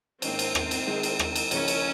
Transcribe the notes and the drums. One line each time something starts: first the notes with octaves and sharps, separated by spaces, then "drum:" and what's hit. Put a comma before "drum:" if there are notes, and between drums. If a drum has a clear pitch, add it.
G#2 D#3 A#3 C4 C#4, drum: cymbal
drum: cymbal
drum: rim click
drum: cymbal
D#3 G#3 D#4 G#4
drum: cymbal
drum: rim click
drum: cymbal
C#2 C#3 F3 A#3 C#4 D#4, drum: cymbal
drum: cymbal